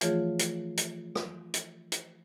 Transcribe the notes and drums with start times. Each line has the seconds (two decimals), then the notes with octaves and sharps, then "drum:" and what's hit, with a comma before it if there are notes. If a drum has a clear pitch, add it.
0.01 E3 F3 A3 F4 G#4 C#5, drum: hi-hat
0.39 drum: hi-hat
0.77 drum: hi-hat
1.15 drum: rim click
1.54 drum: hi-hat
1.92 drum: hi-hat